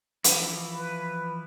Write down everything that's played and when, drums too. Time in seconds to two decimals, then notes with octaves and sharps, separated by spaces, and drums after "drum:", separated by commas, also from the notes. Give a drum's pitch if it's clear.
0.24 E3 F3 E4, drum: hi-hat
0.71 B4